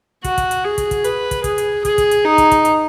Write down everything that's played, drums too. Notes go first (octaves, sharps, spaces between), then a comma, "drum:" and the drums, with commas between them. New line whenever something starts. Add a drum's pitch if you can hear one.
F#4, drum: kick, hi-hat
drum: kick, hi-hat
drum: hi-hat
G#4
drum: kick, hi-hat
drum: kick, hi-hat
B4, drum: hi-hat
drum: kick, hi-hat
G#4, drum: kick, hi-hat
drum: hi-hat
G#4, drum: kick, hi-hat
drum: kick, hi-hat
drum: hi-hat
D#4
drum: kick, hi-hat
drum: kick, hi-hat
drum: hi-hat